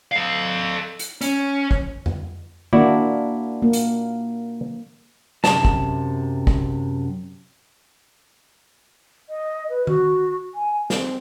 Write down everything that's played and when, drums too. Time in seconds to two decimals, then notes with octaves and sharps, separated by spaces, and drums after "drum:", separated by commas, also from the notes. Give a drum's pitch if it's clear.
0.12 A4 F5
0.99 drum: hi-hat
1.21 C#4, drum: hi-hat
1.71 drum: kick
2.06 drum: tom F2
2.73 A#3 D4 E4 F#4 D5, drum: tom
3.62 A#3
3.73 drum: hi-hat
5.44 F#2 C3 A5, drum: snare
5.65 drum: kick
6.47 drum: kick
9.29 D#5
9.69 B4
9.87 F#4, drum: tom
10.54 G#5
10.90 C4, drum: snare